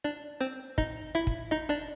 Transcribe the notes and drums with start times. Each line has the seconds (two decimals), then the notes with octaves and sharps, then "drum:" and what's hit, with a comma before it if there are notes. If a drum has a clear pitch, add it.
0.04 D4 D5
0.41 C4 C5
0.78 D#4 D#5, drum: kick
1.15 E4 E5
1.27 drum: kick
1.51 D#4 D#5
1.69 D4 D5